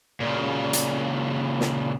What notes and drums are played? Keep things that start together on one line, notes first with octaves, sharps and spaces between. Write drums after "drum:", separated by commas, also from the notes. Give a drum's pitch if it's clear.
A#2 C#3
drum: hi-hat
drum: snare